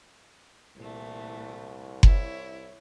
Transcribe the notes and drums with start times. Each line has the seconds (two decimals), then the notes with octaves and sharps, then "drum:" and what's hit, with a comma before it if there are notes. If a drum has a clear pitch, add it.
0.76 C2 A#2 E3 A3
2.03 E4 C#5, drum: kick F#1